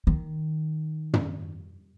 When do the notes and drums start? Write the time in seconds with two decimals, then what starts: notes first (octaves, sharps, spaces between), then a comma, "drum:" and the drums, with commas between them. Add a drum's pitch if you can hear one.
0.07 D#3
1.13 drum: tom